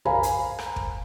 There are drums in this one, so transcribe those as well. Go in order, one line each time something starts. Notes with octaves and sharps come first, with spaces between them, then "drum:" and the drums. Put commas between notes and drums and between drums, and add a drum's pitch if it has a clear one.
A#4 C5 F5 G#5 A#5 B5, drum: tom
drum: hi-hat
drum: rim click
drum: kick